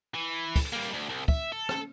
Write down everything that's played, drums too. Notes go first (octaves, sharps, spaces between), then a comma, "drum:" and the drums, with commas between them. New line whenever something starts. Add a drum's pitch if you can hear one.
E3
drum: kick, open hi-hat
G3 A#3
D2
C2
E5, drum: kick
A4
drum: rim click